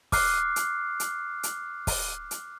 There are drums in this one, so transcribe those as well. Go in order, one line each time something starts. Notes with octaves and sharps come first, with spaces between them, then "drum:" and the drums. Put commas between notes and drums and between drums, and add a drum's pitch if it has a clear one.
D6 F6 F#6 C7, drum: kick, open hi-hat
drum: hi-hat
drum: hi-hat
drum: hi-hat
drum: kick, open hi-hat
drum: hi-hat